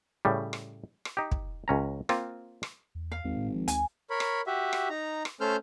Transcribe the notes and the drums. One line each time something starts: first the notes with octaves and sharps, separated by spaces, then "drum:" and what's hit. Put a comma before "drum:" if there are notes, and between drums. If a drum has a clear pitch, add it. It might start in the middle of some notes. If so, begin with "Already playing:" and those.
A2 C#3 G3
drum: rim click
drum: rim click
D#4 G4
drum: kick
C#2 C#4 A#5
A#3 C4 F4, drum: rim click
drum: rim click
E2
F5
G#1 E2
A2
F3
D2 G#5, drum: hi-hat
A#4 C#5 B5
drum: rim click
F#4 G4 E5
drum: rim click
D#4 A#5
drum: rim click
A3 C#4 A4 C5 F6 G6